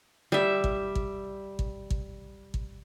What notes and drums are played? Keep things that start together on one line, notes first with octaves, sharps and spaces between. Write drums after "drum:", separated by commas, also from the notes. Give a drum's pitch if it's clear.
G3 E5
drum: kick
drum: kick
drum: kick
drum: kick
drum: kick